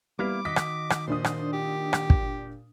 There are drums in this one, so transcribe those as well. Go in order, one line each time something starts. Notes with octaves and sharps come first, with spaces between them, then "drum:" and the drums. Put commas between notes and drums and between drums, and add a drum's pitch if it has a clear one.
G3 A#3 B3 E4 F5 D6
D#3 F#4 D#5 B6
drum: rim click
drum: rim click
A#2 D4 C5 D#6
drum: rim click
G4
drum: rim click
drum: kick